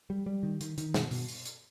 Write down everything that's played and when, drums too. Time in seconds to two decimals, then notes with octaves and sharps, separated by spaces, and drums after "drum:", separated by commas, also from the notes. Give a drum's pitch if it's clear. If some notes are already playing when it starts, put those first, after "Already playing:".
0.10 G3
0.26 G3
0.43 D#3
0.61 D#3, drum: hi-hat
0.78 D#3, drum: hi-hat
0.94 B2, drum: snare
1.11 B2, drum: open hi-hat
1.28 drum: open hi-hat
1.45 drum: hi-hat